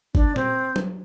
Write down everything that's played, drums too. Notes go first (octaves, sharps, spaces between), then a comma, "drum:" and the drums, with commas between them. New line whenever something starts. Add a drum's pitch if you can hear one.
D4, drum: kick
C4, drum: tom A#2
drum: tom F#3